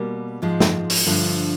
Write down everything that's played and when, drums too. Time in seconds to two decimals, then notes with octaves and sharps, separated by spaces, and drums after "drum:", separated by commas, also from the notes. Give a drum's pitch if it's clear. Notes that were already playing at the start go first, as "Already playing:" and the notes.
Already playing: B2 G3 A#3
0.42 G#2 F3 G#3
0.60 drum: snare
0.90 drum: open hi-hat
1.06 G2 D3 F3 A3